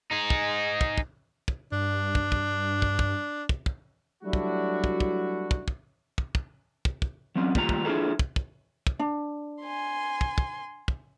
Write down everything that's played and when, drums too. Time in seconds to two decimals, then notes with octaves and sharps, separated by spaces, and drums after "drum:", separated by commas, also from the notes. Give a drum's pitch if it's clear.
0.11 D#4 G#4
0.30 drum: kick
0.81 drum: kick
0.98 drum: kick
1.48 drum: kick
1.72 G2 D4
2.15 drum: kick
2.32 drum: kick
2.82 drum: kick
2.99 drum: kick
3.49 drum: kick
3.66 drum: kick
4.23 F#3 G3 A3 D4 E4 F#4
4.33 drum: kick
4.84 drum: kick
5.00 drum: kick
5.51 drum: kick
5.68 drum: kick
6.18 drum: kick
6.35 drum: kick
6.85 drum: kick
7.02 drum: kick
7.35 F#3 C4 C#4
7.55 D#2 G3 A3 F4 A#5, drum: kick
7.69 drum: kick
7.85 D4 E4 F4 G#4 A4
8.19 drum: kick
8.36 drum: kick
8.87 drum: kick
8.99 D4
9.62 G#5 C6
10.21 drum: kick
10.38 drum: kick
10.88 drum: kick